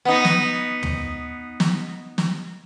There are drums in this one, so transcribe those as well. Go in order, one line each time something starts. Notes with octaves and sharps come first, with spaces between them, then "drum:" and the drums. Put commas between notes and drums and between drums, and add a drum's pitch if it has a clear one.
B3 D#4
drum: snare
drum: tom
drum: snare
drum: snare